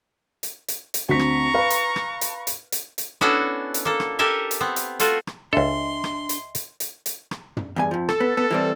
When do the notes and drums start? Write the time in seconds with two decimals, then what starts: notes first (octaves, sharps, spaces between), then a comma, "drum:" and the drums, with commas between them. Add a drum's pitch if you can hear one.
0.43 drum: hi-hat
0.68 drum: hi-hat
0.94 drum: hi-hat
1.09 D2 C4 A#5 C#6 B6
1.19 drum: rim click
1.54 B4 F5
1.70 drum: hi-hat
1.96 drum: rim click
2.21 drum: hi-hat
2.47 drum: hi-hat
2.72 drum: hi-hat
2.98 drum: hi-hat
3.21 B3 C#4 D4 E4 F#4 A4, drum: rim click
3.74 drum: hi-hat
3.85 A#3 A4
4.00 drum: rim click
4.19 G4 A4 A#4 E5 G#5
4.51 drum: hi-hat
4.60 B3 C4
4.76 drum: hi-hat
5.00 A3 F4 F#4 A4, drum: hi-hat
5.27 drum: rim click
5.53 C#2 D4 A4 D#5 E5 G#5 C6
6.04 drum: rim click
6.29 drum: hi-hat
6.55 drum: hi-hat
6.80 drum: hi-hat
7.06 drum: hi-hat
7.31 drum: rim click
7.57 drum: tom
7.76 E2 G2 G#5
7.91 F2 F3
8.09 A4, drum: rim click
8.20 B3
8.37 B3 A4
8.51 E3 G3 C4